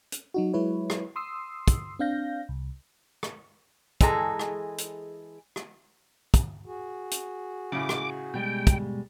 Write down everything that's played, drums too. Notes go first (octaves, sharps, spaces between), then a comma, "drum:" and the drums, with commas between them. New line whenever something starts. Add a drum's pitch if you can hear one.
drum: hi-hat
F#3 D#4 F#4
F#3 G#3 E4 B4 C#5
drum: rim click
C6 D#6 E6 C7
drum: kick, hi-hat
C4 D4 F5 G6 A#6
C2
drum: rim click
E3 G#3 G#4 A4 B4 A#5, drum: kick, hi-hat
drum: rim click
drum: hi-hat
drum: rim click
drum: kick, hi-hat
F#4 G#4
drum: hi-hat
A2 C#3 D6
drum: rim click
B2 G3 G#3 G5
drum: kick, hi-hat